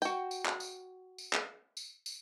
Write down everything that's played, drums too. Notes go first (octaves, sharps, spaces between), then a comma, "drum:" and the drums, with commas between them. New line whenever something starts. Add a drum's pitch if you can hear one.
F#4 G5, drum: tambourine
drum: tambourine
drum: clap
drum: tambourine
drum: tambourine
drum: clap
drum: tambourine
drum: tambourine